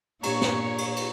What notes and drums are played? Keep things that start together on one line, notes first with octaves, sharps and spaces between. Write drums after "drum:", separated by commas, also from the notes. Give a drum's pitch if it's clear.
A#2 D4 G4 C#5 A#5 C#6, drum: cymbal
drum: snare
drum: cymbal
drum: cymbal